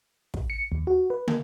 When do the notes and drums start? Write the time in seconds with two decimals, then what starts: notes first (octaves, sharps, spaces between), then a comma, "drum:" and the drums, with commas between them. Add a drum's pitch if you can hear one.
0.34 drum: kick
0.50 C#7
0.72 D#2
0.87 F#4
1.10 B4
1.28 A#3, drum: tom